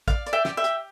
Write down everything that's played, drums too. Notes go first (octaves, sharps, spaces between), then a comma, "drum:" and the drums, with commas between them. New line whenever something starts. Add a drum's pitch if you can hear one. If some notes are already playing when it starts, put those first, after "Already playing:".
D5 F5, drum: kick, hi-hat
D5, drum: hi-hat
E5 G5
G4, drum: snare
E5 G5
G4, drum: hi-hat